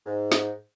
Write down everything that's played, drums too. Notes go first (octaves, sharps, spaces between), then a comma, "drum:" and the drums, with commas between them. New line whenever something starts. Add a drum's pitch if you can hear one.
G#2
drum: snare